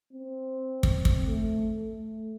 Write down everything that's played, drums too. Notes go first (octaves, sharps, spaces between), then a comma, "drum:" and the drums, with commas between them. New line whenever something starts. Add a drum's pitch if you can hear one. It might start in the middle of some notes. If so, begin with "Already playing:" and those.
C4
drum: kick
drum: kick
A3
A3